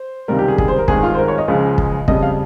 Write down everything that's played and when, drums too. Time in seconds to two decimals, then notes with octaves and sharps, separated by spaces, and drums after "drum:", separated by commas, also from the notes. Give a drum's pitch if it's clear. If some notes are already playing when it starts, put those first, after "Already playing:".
Already playing: C5
0.28 C#2 C3 D#3 G3 A#4
0.39 G4
0.48 G#4
0.58 G#4, drum: kick
0.68 C5
0.78 A#4
0.88 G#1 G2 D#3 G#3 G#4, drum: kick
1.03 F4
1.14 C5
1.18 A#4
1.28 C#5
1.38 D#5
1.48 C#2 C#3 F3 G#3
1.78 drum: kick
2.08 F2 C#3 G3 D#5, drum: kick
2.23 F5